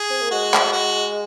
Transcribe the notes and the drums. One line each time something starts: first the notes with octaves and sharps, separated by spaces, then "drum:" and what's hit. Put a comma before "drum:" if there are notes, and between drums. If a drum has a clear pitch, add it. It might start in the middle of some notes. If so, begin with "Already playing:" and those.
Already playing: G#4
C4
A#3
G#3 F#4
drum: clap
F#4